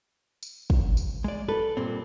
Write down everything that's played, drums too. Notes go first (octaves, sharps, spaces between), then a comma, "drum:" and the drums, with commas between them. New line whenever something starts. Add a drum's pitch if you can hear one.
drum: tambourine
drum: kick
drum: tambourine
G#3 D5
A4 B4
G2 A#2 C4